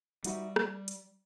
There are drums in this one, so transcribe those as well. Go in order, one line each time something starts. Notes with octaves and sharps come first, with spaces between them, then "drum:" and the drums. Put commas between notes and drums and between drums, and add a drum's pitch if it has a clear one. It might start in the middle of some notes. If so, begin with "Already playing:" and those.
G3 D#4 F#4 B4 E5, drum: hi-hat
drum: rim click
drum: hi-hat